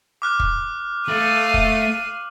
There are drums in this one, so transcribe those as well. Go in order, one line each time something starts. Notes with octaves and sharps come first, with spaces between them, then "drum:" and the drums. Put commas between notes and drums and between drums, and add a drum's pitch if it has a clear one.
D6 F6 F#6
drum: kick
A3 F5 D#7 F#7
drum: kick